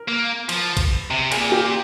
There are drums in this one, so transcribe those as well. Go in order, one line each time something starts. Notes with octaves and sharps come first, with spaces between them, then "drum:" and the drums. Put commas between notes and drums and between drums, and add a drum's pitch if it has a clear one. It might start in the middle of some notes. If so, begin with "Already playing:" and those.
Already playing: A#4
A#3
F3, drum: cymbal
drum: kick A#1, cymbal
C3
A#2 G#4, drum: cymbal
G4